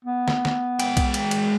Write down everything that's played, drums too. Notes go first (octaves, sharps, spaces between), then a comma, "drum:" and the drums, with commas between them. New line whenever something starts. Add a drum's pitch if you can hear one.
B3
drum: snare
drum: snare
G#3 G5, drum: cymbal
drum: kick B1, cymbal
drum: cymbal
drum: cymbal